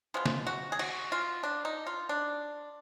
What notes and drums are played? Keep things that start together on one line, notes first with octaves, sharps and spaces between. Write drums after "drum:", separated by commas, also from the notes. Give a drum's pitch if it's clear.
F3 G#3 B3 F4
drum: snare
F#4
G#4
F#4, drum: cymbal
F4
D4
D#4
F4
D4